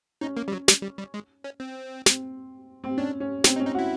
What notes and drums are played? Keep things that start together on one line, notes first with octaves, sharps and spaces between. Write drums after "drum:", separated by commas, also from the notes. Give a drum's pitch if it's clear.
C#4 D#4
A#3
G3
F#3
G3, drum: snare
G3
G3
G#3
C#4
C4
C4, drum: snare
C4
C#4 D4
C#4
C4 D#4, drum: snare
D#4
C#4
D#4
F#4
E4